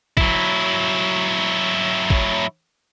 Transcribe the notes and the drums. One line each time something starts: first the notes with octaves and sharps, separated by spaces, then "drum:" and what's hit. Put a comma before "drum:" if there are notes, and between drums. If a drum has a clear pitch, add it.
F#3 E4, drum: kick A1
drum: kick A1